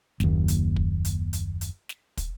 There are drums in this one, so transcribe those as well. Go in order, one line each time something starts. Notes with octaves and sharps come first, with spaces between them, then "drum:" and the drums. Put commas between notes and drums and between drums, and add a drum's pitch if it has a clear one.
F#1 D#2, drum: snare
drum: hi-hat
drum: kick
drum: hi-hat
drum: hi-hat
drum: hi-hat
drum: snare
drum: kick, hi-hat